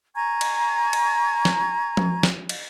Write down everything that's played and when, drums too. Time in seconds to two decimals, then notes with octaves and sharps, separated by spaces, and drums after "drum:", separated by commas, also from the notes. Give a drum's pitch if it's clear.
0.15 G#5 A#5 C#6 G#6
0.41 drum: cymbal
0.93 drum: cymbal
1.45 drum: snare
1.97 drum: tom F3
2.23 drum: snare
2.49 drum: cymbal